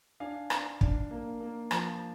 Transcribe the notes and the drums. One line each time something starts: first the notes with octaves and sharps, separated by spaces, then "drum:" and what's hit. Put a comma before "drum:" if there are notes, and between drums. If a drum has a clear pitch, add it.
D4 F5 G#5
D4, drum: rim click
D4, drum: kick
A#3
A#3
F3, drum: rim click